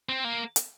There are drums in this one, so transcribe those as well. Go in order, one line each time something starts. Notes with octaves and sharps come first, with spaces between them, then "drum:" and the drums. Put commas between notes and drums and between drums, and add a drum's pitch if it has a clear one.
C4
A#3
drum: hi-hat